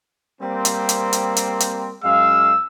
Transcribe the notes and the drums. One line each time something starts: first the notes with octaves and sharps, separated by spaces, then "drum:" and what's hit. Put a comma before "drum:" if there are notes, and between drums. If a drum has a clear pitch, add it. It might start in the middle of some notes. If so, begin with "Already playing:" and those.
G3 A#3 C4
drum: hi-hat
drum: hi-hat
drum: hi-hat
drum: hi-hat
drum: hi-hat
F#2 G#3 F5 E6